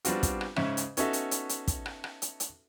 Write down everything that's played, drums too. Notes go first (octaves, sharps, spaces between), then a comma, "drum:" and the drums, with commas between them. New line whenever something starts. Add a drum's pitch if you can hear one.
G3 B3 C4 D4 F4 F#4, drum: hi-hat
drum: kick, hi-hat
drum: rim click
G#2 C#3 C#4 E5, drum: rim click
drum: hi-hat
B3 C#4 D#4 F#4 A4 E5, drum: hi-hat
drum: hi-hat
drum: hi-hat
drum: hi-hat
drum: kick, hi-hat
drum: rim click
drum: rim click
drum: hi-hat
drum: hi-hat